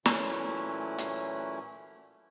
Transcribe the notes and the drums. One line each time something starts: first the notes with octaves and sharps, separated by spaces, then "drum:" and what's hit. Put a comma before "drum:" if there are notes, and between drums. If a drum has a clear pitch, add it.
A#2 E3 F#3 A3 C#4 E4, drum: snare
drum: hi-hat